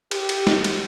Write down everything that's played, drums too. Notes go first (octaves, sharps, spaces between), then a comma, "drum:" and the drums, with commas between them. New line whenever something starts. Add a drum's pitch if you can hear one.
G4, drum: cymbal
drum: cymbal
drum: snare
drum: cymbal